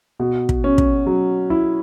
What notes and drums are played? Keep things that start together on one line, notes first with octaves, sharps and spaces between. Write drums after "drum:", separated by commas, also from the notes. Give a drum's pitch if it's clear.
B2
drum: kick
C#4
drum: kick
F#3
E4